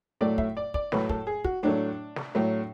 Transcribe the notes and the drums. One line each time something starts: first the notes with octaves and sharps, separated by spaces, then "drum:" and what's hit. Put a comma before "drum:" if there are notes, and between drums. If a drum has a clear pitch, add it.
A2 F#3 A3 D5
E5, drum: kick
D5
D5, drum: kick
A2 F#3 A3 B4, drum: snare
A4, drum: kick
G#4
F#4, drum: kick
A2 F#3 A3 D4
drum: snare
A2 F#3 A3